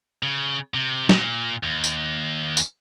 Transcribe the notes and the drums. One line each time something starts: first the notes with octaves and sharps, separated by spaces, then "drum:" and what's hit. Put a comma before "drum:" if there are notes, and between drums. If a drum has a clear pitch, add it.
C#3
C3
A#2, drum: snare
D#2
drum: tambourine
drum: tambourine